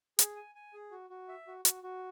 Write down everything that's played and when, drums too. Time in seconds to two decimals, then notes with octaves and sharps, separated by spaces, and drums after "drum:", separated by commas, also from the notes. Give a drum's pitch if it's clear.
0.19 G#4, drum: hi-hat
0.36 G#5
0.55 G#5
0.74 G#4
0.91 F#4
1.10 F#4
1.28 E5
1.47 F#4
1.65 F#4, drum: hi-hat
1.83 F#4